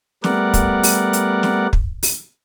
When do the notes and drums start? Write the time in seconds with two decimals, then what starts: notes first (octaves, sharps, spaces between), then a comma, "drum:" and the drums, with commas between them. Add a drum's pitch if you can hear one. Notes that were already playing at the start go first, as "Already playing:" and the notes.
0.24 G3 A3 B3 A#4 D5 F#5, drum: snare
0.54 drum: kick, hi-hat
0.83 drum: open hi-hat
1.13 drum: hi-hat
1.43 drum: snare
1.73 drum: kick
2.03 drum: open hi-hat